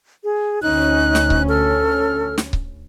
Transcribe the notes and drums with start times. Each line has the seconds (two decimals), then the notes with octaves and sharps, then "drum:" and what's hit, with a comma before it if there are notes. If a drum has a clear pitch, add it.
0.23 G#4
0.63 D2 C#4 D#4 F#6
1.15 drum: snare
1.30 drum: kick C#1
1.48 A4 F6
2.38 drum: snare
2.53 drum: kick C#1